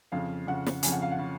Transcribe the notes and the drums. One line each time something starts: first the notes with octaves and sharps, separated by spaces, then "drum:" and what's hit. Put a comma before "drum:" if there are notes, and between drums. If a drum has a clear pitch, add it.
F2 C#3 F5
F2 C#3 F#5
drum: snare
F2 C#3 G#5, drum: hi-hat
F#5
F5
F#5
C#3